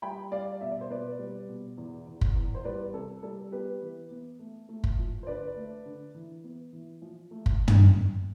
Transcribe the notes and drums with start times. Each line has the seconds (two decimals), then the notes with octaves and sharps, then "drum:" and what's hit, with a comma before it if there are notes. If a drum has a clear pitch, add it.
0.02 G3 G5 B5
0.32 G3 D5 F5
0.61 B2 E5
0.71 D5
0.81 C5
0.90 B2 B4 D5
1.19 G3
1.49 B2
1.77 E2
2.07 E2
2.21 drum: kick
2.36 E2
2.55 C5
2.65 G3 B4 D5
2.94 C3 A4
3.23 G3 A4
3.52 B3 G4 B4
3.81 E3
4.11 B3
4.39 A3
4.69 A3
4.84 drum: kick
4.99 F3
5.23 C5
5.27 D3 B4 D5
5.56 A3
5.86 D3
6.15 E3
6.44 B3
6.73 E3
7.02 F3
7.31 A3
7.46 drum: kick
7.68 drum: tom